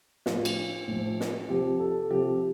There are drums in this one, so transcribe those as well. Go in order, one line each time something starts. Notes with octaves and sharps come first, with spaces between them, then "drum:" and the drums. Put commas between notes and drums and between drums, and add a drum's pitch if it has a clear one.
A2 F3 F4, drum: snare
drum: cymbal
A2 F3
drum: snare
C3 F3 G4
A4
C3 F3 G4